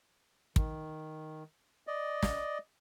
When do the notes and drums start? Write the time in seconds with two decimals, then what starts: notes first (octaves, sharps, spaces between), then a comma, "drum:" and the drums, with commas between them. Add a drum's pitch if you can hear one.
0.56 D#3, drum: kick
1.87 D5 D#5
2.23 drum: snare